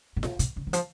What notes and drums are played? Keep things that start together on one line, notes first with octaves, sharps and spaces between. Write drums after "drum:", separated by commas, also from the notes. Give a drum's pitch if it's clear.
A#2
B2, drum: snare F4
B2, drum: hi-hat
C#3
D#3
F3, drum: hi-hat